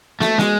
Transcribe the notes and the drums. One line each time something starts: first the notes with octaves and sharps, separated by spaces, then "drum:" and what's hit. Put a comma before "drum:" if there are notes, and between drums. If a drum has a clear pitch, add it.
A3, drum: snare
G#3, drum: snare